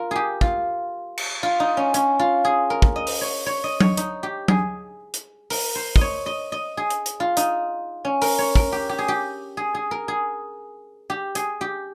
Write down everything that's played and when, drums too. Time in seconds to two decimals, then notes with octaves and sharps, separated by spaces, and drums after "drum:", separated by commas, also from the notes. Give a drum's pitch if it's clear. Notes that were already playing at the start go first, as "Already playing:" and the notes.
Already playing: F4 A#4
0.11 G4 G#4
0.41 F4, drum: kick
1.17 drum: cymbal
1.43 F4
1.60 D#4
1.77 C#4
1.94 C#4, drum: hi-hat
2.19 F4
2.45 G#4
2.70 A#4
2.82 drum: kick
2.96 D#5
3.07 drum: open hi-hat
3.21 C#5
3.46 C#5
3.64 D#5
3.80 C#5, drum: tom F#3
3.97 D#4, drum: hi-hat
4.23 G4
4.48 G#4, drum: tom F#3
5.14 drum: hi-hat
5.50 A#4, drum: open hi-hat
5.75 C5
5.96 D#5, drum: kick
6.01 C#5
6.26 D#5
6.52 D#5
6.77 G#4
6.90 drum: hi-hat
7.06 drum: hi-hat
7.20 F4
7.37 D#4, drum: hi-hat
8.05 C#4
8.22 A#4, drum: open hi-hat
8.38 C#5
8.56 A#4, drum: kick
8.72 G4
8.89 G4
8.98 G#4
9.08 G4
9.57 G#4
9.75 G#4
9.91 A#4
10.08 G#4
11.10 G4
11.35 G#4, drum: hi-hat
11.61 G4